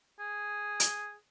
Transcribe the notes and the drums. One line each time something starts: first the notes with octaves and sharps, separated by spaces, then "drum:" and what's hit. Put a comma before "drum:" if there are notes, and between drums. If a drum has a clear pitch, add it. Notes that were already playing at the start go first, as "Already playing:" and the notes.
G#4
drum: hi-hat